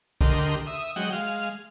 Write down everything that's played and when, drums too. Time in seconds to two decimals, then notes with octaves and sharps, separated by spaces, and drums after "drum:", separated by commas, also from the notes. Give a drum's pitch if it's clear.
0.21 D2 D3 G4 A#4 D#5 C6, drum: kick
0.67 E5 D#6
0.96 F#3 G#3 D#5 F#5 G5, drum: hi-hat
1.12 G#3 F5